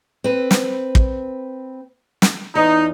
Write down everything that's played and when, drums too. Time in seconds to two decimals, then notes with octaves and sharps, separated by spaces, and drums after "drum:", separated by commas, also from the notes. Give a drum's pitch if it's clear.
0.24 C4 B4
0.51 drum: snare
0.95 drum: kick
2.22 drum: snare
2.55 E2 D#4